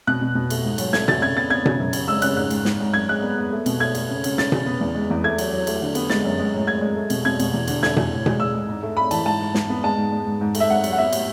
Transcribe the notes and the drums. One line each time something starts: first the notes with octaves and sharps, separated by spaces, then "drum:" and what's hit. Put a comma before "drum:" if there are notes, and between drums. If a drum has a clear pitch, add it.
B2 F#6
B2
B2
A3, drum: cymbal
G#2
F#3, drum: cymbal
A3 G#6, drum: snare
A3 A6, drum: tom B2
C#3 G#6
B3 A6
B3 G#6
C#3, drum: tom B2
F#2
C#3, drum: cymbal
G#3 E6
C#3 F#6, drum: cymbal
G#2 F#6
G#2, drum: cymbal
G#2, drum: snare
G#2
F#2 G#6
G#3 F#6
B3
B3
A3
B2, drum: cymbal
A3 G#6
A3, drum: cymbal
C#3
C#3, drum: cymbal
C#3 A6, drum: snare
C#3, drum: tom B2
B3
E2
G#3
E2
A3 G#6
F#3, drum: cymbal
F#3
A3, drum: cymbal
D3
B3, drum: cymbal
G#3 A6, drum: snare
F#2
G#3
A2
A2 G#6
G#3
A3
B2, drum: cymbal
B2 G#6
B2, drum: cymbal
E2
D3, drum: cymbal
A3 G#6, drum: snare
E2, drum: tom B2
A2
G#3, drum: tom B2
G#3 E6
G#3
G#2
A3
A3 B5
E3 A5, drum: cymbal
G#2 A5
G#2
G#2, drum: snare
B3
G#3 A5
G#2
G#3
G#2
G#2
A3, drum: cymbal
E5
G#2 F#5
F#3, drum: cymbal
F#5
B3 E5
A2, drum: cymbal